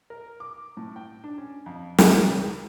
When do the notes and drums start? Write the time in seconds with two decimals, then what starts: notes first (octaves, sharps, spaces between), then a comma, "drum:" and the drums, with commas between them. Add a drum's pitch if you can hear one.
0.10 A#4
0.40 D6
0.77 A2
0.96 G5
1.24 D4
1.38 C#4
1.66 F2
1.98 drum: snare
2.10 E2
2.28 C#2